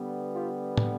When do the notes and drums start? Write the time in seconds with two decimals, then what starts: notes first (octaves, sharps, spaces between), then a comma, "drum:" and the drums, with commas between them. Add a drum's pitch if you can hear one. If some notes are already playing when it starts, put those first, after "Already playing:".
Already playing: D3 G3 B3
0.33 F4 G4
0.77 drum: tom